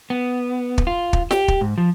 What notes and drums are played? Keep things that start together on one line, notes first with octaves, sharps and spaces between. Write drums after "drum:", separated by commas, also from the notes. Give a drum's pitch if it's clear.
B3
drum: kick
F4
drum: kick
G4, drum: snare
drum: kick
G#2
F3